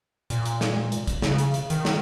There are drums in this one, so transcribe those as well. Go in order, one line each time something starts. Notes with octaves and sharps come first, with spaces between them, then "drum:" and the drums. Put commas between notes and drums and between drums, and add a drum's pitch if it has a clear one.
A#2, drum: hi-hat
drum: hi-hat
drum: snare
drum: tom G#3
drum: hi-hat
drum: kick, hi-hat
C#3, drum: snare
drum: hi-hat
drum: hi-hat
D#3, drum: hi-hat
drum: snare